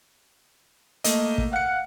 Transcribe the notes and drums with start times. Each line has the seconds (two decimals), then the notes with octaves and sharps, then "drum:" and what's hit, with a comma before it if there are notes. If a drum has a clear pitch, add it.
1.04 A3 A#3 D#5, drum: hi-hat
1.38 drum: kick
1.53 F5 F#5 C#7